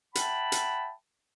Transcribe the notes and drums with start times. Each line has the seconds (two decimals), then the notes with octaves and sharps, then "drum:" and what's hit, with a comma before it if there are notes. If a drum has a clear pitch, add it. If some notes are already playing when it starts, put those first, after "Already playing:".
0.15 E5 F#5 G5 A5 B5, drum: hi-hat
0.52 drum: hi-hat